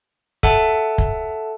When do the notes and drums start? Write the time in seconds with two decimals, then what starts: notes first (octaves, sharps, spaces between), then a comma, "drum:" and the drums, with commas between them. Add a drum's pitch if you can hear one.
0.43 A4 E5 F#5 A5, drum: kick
0.98 drum: kick